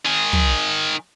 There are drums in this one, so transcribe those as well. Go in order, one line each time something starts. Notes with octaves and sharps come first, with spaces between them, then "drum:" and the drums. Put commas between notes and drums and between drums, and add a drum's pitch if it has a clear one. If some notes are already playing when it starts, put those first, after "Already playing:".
D#3 G#4
drum: tom